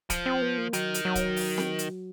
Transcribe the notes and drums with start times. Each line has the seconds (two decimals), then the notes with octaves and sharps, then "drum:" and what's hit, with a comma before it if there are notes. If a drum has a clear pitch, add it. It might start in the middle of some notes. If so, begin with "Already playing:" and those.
0.10 F3, drum: kick C#1, hi-hat
0.26 C4
0.42 B3
0.58 A#3
0.73 D#3 F#3, drum: hi-hat
0.94 drum: hi-hat
1.05 F#3
1.15 drum: kick C#1, hi-hat
1.36 drum: open hi-hat
1.58 drum: snare C4
1.79 drum: hi-hat